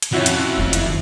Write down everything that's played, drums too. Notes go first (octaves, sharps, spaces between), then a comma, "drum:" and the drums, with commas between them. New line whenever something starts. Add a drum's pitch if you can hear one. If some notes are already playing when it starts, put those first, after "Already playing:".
drum: hi-hat
F2 C#4 E4 F#4
drum: hi-hat
F#1 D#3
E4, drum: hi-hat